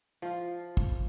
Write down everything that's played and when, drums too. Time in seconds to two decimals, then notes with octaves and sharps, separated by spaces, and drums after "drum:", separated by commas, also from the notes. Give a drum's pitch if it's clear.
0.22 F3 F4
0.77 drum: kick